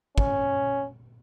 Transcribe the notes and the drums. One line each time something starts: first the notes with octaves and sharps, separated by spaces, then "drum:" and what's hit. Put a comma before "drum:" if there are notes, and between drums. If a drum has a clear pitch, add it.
C#4, drum: kick